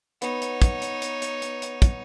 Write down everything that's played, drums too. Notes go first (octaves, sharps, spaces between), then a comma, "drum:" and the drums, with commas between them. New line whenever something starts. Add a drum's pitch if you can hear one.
B3 D#4 C#5, drum: hi-hat
drum: hi-hat
drum: kick, hi-hat
drum: hi-hat
drum: hi-hat
drum: hi-hat
drum: hi-hat
drum: hi-hat
drum: kick, hi-hat